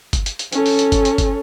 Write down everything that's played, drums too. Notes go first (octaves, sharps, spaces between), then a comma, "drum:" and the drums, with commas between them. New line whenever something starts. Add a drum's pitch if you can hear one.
drum: kick G1, hi-hat
drum: hi-hat
drum: hi-hat
C#4 A4, drum: hi-hat
drum: open hi-hat
drum: hi-hat
drum: kick G1, hi-hat
drum: hi-hat
drum: kick G1, hi-hat